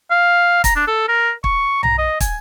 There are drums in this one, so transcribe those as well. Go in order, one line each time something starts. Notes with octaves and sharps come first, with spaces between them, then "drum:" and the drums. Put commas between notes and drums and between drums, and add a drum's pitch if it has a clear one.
F5
A#5, drum: kick, hi-hat
D4
A4
A#4
C#6, drum: kick
A#5, drum: tom B1
D#5
G#5, drum: kick, hi-hat